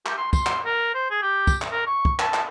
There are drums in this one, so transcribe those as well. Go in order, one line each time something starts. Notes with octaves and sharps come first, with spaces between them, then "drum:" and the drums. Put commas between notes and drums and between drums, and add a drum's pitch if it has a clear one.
G4, drum: clap
C6
C6, drum: kick, tambourine
drum: clap
A#4
C5
G#4
G4
drum: kick, tambourine
drum: clap
A#4
C#6
drum: kick
A5, drum: clap
drum: clap